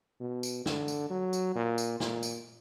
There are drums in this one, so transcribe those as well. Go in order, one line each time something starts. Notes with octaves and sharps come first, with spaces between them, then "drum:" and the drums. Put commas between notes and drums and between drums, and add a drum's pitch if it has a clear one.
B2
drum: tambourine
D3, drum: snare
drum: tambourine
F#3
drum: tambourine
A#2
drum: tambourine
A#2, drum: snare
drum: tambourine